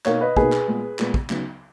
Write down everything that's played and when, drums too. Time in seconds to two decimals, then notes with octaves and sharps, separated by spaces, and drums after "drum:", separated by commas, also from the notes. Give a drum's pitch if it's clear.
0.05 B2 A#3 D#4 C#5 F5, drum: clap
0.21 B4 D#5
0.36 B2 A#3 D#4 G#4 B4, drum: kick
0.52 drum: clap
0.67 A#2 G#3 B3
0.99 A#2 G#3 B3, drum: clap
1.14 drum: kick
1.30 C#3 F#3 B3 D#4, drum: clap